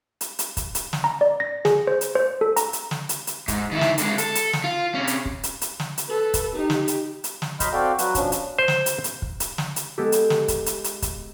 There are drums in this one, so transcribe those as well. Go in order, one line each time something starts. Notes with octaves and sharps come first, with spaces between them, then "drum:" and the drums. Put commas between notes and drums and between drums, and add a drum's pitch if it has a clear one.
drum: hi-hat
drum: hi-hat
drum: kick, hi-hat
drum: hi-hat
drum: snare
A#5
D5
A#6
G#4, drum: snare
C5
drum: hi-hat
C5
A4
A#5, drum: hi-hat
drum: hi-hat
drum: snare
drum: hi-hat
drum: hi-hat
G#2, drum: kick, hi-hat
D#3 E4
drum: snare
D3 G#3, drum: hi-hat
A4, drum: hi-hat
drum: hi-hat
drum: snare
F4
C3 C#4
drum: hi-hat
drum: kick
drum: hi-hat
drum: hi-hat
drum: snare
drum: hi-hat
A4 B4
drum: kick, hi-hat
D#4 G4
drum: snare
drum: hi-hat
drum: hi-hat
drum: snare
F#3 D#5 B5 C6 F6 G6, drum: kick, hi-hat
C4 F#4 A4 D5 F5 G5
F#3 F#4 B4, drum: hi-hat
B2 F3 C#4 D4, drum: kick, hi-hat
drum: hi-hat
C5
drum: snare
drum: hi-hat
drum: hi-hat
drum: kick
drum: hi-hat
drum: snare
drum: hi-hat
G#3 B3 G4 A4
drum: hi-hat
drum: snare
drum: kick, hi-hat
drum: hi-hat
drum: hi-hat
drum: kick, hi-hat